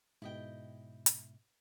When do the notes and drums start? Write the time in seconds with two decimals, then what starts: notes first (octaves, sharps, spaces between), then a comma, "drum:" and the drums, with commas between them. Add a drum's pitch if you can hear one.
0.22 G#2 B2 E4 D#5 G5
1.06 drum: hi-hat